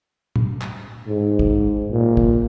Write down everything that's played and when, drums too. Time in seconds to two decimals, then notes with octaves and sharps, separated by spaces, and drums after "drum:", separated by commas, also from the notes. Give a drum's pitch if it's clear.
0.36 drum: tom
0.62 drum: clap
1.07 G#2
1.39 drum: kick
1.91 A#2
2.17 drum: kick